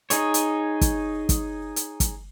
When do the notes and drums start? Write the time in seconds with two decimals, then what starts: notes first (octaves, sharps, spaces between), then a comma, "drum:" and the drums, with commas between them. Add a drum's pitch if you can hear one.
0.10 D#4 G#4 C#5, drum: hi-hat
0.34 drum: hi-hat
0.81 drum: kick, hi-hat
1.29 drum: kick, hi-hat
1.76 drum: hi-hat
2.00 drum: kick, hi-hat